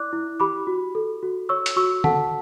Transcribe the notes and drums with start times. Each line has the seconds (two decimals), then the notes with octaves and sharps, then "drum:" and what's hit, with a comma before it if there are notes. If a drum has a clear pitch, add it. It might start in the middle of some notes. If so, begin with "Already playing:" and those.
Already playing: E4 D5 D6 F#6
0.13 E4
0.40 G4 B5 D6
0.67 F#4
0.95 A4
1.23 F#4
1.49 C#5 C#6 E6
1.66 drum: hi-hat
1.76 F#4 C#6 E6
2.04 A4 F#5 A5, drum: tom D3